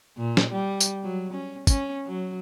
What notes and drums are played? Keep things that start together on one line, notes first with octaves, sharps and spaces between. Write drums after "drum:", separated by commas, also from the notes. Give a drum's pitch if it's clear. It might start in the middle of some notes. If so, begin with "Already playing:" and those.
A#2
drum: snare
G3
drum: tambourine
F#3
C#4
C#4, drum: kick, tambourine
F#3